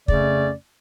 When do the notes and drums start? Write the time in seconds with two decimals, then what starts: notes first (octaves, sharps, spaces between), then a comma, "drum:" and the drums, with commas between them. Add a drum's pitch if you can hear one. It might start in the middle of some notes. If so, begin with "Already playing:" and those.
0.08 F2 C#3 A3 C#4 D5, drum: kick